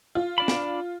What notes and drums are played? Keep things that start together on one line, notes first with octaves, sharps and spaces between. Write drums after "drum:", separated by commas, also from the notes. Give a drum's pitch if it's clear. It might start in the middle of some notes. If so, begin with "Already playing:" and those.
F4
D4 D5 B5
drum: snare